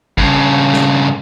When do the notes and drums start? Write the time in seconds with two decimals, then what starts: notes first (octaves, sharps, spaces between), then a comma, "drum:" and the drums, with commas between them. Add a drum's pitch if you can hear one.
0.18 G2 C#3, drum: kick
0.73 drum: snare